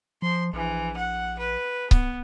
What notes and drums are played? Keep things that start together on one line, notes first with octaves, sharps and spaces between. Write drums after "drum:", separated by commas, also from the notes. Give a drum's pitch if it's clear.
F3 C6
A#1 E3
F#5
B4
B3, drum: kick C#1